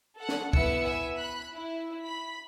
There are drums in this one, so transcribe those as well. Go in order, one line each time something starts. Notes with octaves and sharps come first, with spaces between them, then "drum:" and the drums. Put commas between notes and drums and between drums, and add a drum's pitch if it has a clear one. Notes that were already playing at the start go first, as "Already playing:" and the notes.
A4 F#5
drum: snare
B3 E4 B4 E5 E6 C#7, drum: kick
E5 G#5 E6
B5 F#6
E4
B5 B6